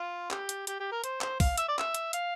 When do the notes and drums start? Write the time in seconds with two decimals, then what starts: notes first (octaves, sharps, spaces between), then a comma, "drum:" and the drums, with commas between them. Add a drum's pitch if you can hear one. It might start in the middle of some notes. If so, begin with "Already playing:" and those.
Already playing: F4
0.31 G4, drum: clap
0.49 drum: hi-hat
0.67 G4, drum: hi-hat
0.80 G4
0.91 A#4
1.04 C5, drum: hi-hat
1.21 C5, drum: clap
1.40 F5, drum: kick, open hi-hat
1.58 E5, drum: hi-hat
1.68 D5
1.79 E5, drum: clap
1.94 drum: hi-hat
2.13 F5, drum: hi-hat